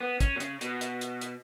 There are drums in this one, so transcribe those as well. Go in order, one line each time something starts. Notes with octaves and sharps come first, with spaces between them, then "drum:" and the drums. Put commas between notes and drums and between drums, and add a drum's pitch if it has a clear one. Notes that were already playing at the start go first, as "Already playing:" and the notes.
B3
C#4, drum: kick, hi-hat
B2
C#3, drum: hi-hat
B2, drum: hi-hat
drum: hi-hat
drum: hi-hat
drum: hi-hat